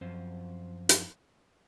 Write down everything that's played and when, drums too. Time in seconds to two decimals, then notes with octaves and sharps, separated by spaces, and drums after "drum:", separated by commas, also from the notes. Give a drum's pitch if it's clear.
0.01 F#2 F3 C4 C5
0.89 drum: hi-hat